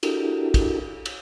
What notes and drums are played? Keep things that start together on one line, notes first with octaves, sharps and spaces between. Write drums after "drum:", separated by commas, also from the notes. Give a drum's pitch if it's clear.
D4 E4 F#4 G4 A4 A#4, drum: cymbal
drum: kick, cymbal
drum: cymbal